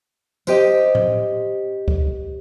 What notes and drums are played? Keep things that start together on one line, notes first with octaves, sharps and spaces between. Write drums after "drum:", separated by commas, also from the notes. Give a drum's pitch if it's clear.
C4 G4 D#5, drum: tambourine
drum: tom A2
drum: kick C#2